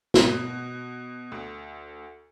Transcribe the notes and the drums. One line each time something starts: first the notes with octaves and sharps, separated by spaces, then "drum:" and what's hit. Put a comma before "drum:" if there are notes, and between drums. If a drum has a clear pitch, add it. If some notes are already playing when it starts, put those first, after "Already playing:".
B2, drum: snare
D2